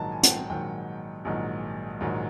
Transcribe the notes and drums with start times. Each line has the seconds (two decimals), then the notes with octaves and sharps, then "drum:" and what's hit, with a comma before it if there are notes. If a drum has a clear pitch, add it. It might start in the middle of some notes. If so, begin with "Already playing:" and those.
Already playing: A#1 G#2 D#3 F#3 A5 A#5
0.12 G#5
0.23 F#5, drum: hi-hat
0.31 G5
0.50 A#1 G#2 D#3 F#3 G5
1.25 A#1 G#2 D#3 F#3
2.01 A#1 G#2 D#3 F#3